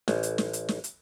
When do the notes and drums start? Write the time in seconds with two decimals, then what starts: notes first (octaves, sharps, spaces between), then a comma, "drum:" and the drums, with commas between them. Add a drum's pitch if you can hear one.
0.08 A1, drum: snare
0.23 drum: hi-hat
0.38 drum: snare
0.53 drum: hi-hat
0.69 drum: snare
0.84 drum: hi-hat